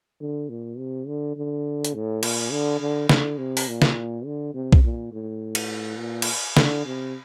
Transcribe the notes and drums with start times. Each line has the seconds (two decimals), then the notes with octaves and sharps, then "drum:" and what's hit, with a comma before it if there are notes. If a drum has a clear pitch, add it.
0.20 D3
0.49 A#2
0.78 C3
1.07 D3
1.37 D3
1.84 drum: hi-hat
1.94 A2
2.23 A#2, drum: cymbal
2.51 D3
2.80 D3
3.09 D3, drum: snare
3.38 C3
3.57 drum: open hi-hat
3.68 A#2
3.82 drum: snare
4.25 D3
4.54 C3
4.72 drum: kick B1
4.84 A#2
5.12 A2
5.55 drum: cymbal
5.99 A#2
6.22 drum: cymbal
6.57 D3, drum: snare
6.85 C3